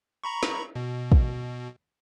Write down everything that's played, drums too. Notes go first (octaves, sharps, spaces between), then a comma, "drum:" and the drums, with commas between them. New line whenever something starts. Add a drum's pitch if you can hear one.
A#5 B5 C#6
drum: snare
B2
drum: kick